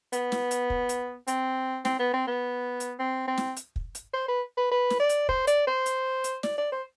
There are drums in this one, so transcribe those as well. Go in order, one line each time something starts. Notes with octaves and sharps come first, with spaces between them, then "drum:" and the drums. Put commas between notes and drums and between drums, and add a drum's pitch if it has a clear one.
B3, drum: hi-hat
drum: snare
drum: hi-hat
drum: kick
drum: hi-hat
C4, drum: hi-hat
C4, drum: snare
B3
C4
B3
drum: hi-hat
C4
C4
drum: snare
drum: hi-hat
drum: kick
drum: hi-hat
C5
B4
B4
B4
drum: snare
D5
drum: hi-hat
C5, drum: kick
D5, drum: hi-hat
C5
drum: hi-hat
drum: hi-hat
D5, drum: snare
D5
C5